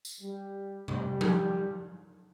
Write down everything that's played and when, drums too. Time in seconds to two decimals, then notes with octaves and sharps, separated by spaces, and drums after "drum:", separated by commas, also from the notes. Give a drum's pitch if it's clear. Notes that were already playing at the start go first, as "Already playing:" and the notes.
0.05 drum: tambourine
0.21 G3
0.88 G3, drum: tom C3
1.21 drum: tom F3